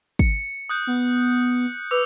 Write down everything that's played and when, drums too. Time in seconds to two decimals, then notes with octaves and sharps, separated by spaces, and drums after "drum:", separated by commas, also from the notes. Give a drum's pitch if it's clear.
0.19 C#7, drum: kick
0.69 D#6 F#6 G6
0.87 B3
1.91 B4 D6 E6 F7